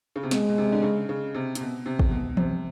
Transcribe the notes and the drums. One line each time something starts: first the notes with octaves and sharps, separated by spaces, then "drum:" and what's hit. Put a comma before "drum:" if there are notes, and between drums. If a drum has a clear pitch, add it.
C#3
C3
B2 G#3, drum: snare
B2
C3
D3
C#3
C#3
C3
C3, drum: hi-hat
B2
C3
drum: kick
B2
C3, drum: tom E3